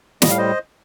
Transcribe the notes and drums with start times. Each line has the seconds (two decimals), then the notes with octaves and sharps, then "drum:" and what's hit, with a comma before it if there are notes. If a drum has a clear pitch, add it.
0.22 A2 G3 D#5, drum: snare
0.30 F5
0.38 C5 D#5